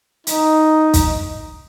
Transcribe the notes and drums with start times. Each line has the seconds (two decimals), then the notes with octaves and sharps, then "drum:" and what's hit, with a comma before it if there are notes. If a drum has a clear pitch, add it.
0.27 D#4, drum: hi-hat
0.93 drum: kick, hi-hat